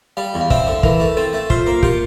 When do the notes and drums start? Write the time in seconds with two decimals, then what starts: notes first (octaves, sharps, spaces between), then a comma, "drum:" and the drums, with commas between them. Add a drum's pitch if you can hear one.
0.17 G3 F5
0.34 E2
0.41 F5
0.50 C4 E5, drum: kick
0.67 D3
0.83 E3 A#4, drum: kick
1.00 A3
1.17 C4 A4
1.33 A3
1.50 F4 C5, drum: kick
1.67 A#3
1.83 F4 G4, drum: kick